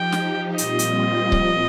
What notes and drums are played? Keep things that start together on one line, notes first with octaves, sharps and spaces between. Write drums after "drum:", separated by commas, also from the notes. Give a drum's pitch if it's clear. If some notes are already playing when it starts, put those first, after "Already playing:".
Already playing: F3 D#4 G4 G5
drum: snare
A#2 G3 C4 F4 D#5, drum: hi-hat
drum: hi-hat
A#2 F3 C4, drum: kick C#1